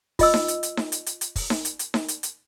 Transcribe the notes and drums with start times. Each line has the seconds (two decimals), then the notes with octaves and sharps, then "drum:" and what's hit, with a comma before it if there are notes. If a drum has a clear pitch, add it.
0.19 F4 D#5 E6, drum: kick, open hi-hat
0.34 drum: snare D#4
0.48 drum: hi-hat
0.63 drum: hi-hat
0.77 drum: snare D#4
0.92 drum: hi-hat
1.06 drum: hi-hat
1.21 drum: hi-hat
1.36 drum: kick, open hi-hat
1.50 drum: snare D#4
1.65 drum: hi-hat
1.79 drum: hi-hat
1.94 drum: snare D#4
2.08 drum: hi-hat
2.23 drum: hi-hat